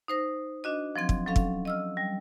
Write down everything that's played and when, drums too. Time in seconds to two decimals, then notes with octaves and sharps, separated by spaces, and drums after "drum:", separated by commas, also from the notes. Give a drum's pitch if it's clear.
0.08 D#4 C5 A#6
0.64 D4 F#4 D#5
0.96 F3 F#3 C4 G#6
1.09 drum: kick
1.27 F#3 C#4 A4 F5
1.36 drum: kick
1.65 D#5 E6 F6
1.97 G3